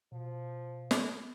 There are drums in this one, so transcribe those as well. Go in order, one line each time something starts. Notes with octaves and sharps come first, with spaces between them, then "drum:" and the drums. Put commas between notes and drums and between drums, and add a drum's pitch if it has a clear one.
B2 F3
drum: snare